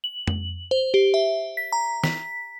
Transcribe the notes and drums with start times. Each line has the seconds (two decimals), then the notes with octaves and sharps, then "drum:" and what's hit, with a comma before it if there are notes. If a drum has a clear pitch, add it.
0.04 F#7
0.27 drum: tom F2
0.71 C5
0.94 G4
1.14 E5
1.57 B6
1.72 A#5
2.04 B6, drum: snare